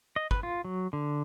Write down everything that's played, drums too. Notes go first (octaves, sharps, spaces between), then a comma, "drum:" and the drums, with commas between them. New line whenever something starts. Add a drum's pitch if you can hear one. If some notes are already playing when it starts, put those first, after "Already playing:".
D#5
B4, drum: kick
F4
F#3
D3